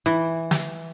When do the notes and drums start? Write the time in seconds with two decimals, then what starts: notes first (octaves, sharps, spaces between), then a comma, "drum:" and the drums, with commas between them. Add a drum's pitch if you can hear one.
0.06 E3
0.51 drum: snare